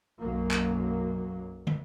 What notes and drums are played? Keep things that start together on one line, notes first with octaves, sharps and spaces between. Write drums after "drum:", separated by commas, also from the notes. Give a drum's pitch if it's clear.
B1 F#2 F#3 A#3
drum: clap
drum: tom